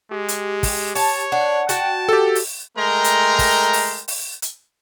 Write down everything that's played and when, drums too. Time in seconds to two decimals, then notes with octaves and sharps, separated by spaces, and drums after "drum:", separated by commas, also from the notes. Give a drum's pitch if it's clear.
0.11 G#3 G4
0.28 drum: hi-hat
0.63 drum: kick, open hi-hat
0.95 C#5 A5, drum: open hi-hat
1.32 D4 F#5
1.69 F#4 G5 A5, drum: hi-hat
2.09 G4 A4
2.35 drum: open hi-hat
2.77 G#3 A3 A#4 G5 A#5 C6
3.04 drum: hi-hat
3.39 drum: kick, open hi-hat
3.73 drum: open hi-hat
4.08 drum: open hi-hat
4.42 drum: hi-hat